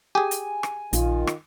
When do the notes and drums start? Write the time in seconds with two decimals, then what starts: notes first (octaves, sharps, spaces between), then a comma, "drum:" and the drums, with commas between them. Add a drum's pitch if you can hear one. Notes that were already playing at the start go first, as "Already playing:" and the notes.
0.15 G4 G#4 G#5
0.31 drum: hi-hat
0.63 drum: rim click
0.93 A#1 D#3 F4, drum: hi-hat
1.27 drum: rim click